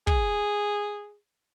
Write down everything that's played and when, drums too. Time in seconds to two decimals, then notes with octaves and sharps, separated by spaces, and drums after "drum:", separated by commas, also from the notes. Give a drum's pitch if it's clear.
0.07 G#4, drum: kick